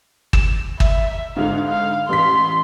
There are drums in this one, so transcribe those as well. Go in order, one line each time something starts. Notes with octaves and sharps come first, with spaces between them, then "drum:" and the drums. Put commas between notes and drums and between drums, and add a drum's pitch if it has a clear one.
E7, drum: kick
E5, drum: kick
G#2 D3 D#4 F5
F5
A1 C6 B6